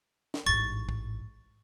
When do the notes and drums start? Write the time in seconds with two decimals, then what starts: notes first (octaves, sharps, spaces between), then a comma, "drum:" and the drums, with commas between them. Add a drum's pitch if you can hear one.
0.34 drum: snare
0.46 A1 G#2 C#6 A6
0.89 drum: kick